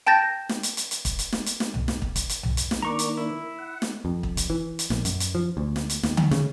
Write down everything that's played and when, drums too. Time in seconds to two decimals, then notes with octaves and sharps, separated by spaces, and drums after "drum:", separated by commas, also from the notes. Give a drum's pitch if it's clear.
0.07 G5 A5 G6 A6 A#6
0.49 drum: snare
0.63 drum: hi-hat
0.77 drum: hi-hat
0.91 drum: hi-hat
1.05 drum: kick, hi-hat
1.19 drum: hi-hat
1.32 drum: snare
1.46 drum: hi-hat
1.60 drum: snare
1.74 drum: tom B1
1.88 drum: snare
2.02 drum: kick
2.16 drum: kick, hi-hat
2.29 drum: hi-hat
2.43 drum: tom B1
2.57 drum: hi-hat
2.71 drum: snare
2.82 D#3 A#3 D4 A#5 C#6 D6
2.99 drum: hi-hat
3.17 E4
3.59 F#5
3.82 drum: snare
4.05 F2
4.23 drum: kick
4.37 drum: kick, hi-hat
4.50 E3
4.79 drum: hi-hat
4.90 A#1, drum: snare
5.05 F#2, drum: hi-hat
5.20 drum: hi-hat
5.35 F3
5.57 D2
5.76 drum: snare
5.90 drum: hi-hat
6.03 D#2, drum: snare
6.17 drum: tom D3
6.31 C#3, drum: snare